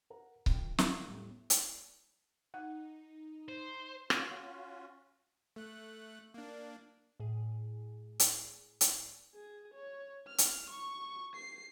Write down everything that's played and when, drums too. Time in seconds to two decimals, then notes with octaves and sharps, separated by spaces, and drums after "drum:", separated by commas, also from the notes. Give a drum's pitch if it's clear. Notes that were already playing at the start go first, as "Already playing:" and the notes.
0.10 A#4 F#5 A#5
0.46 D2 D3 F3 G5, drum: kick C#1
0.78 G2 C#4 F5, drum: snare
1.07 E2 A2 G3
1.50 drum: hi-hat
2.54 D#4 F#5
3.49 C5
4.10 C#4 F4 F#4, drum: rim click
5.56 A3 F#6
6.34 A#3 D4
7.20 A2 G#4
8.20 drum: hi-hat
8.81 drum: hi-hat
9.34 G#4
9.74 C#5
10.28 F6
10.38 drum: hi-hat
10.70 C#6
11.35 C7